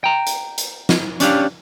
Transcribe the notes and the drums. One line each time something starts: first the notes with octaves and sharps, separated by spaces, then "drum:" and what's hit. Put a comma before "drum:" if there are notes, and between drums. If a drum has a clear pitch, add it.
G5 A#5
drum: hi-hat
drum: hi-hat
drum: snare
C#4 D4 G4 F5, drum: hi-hat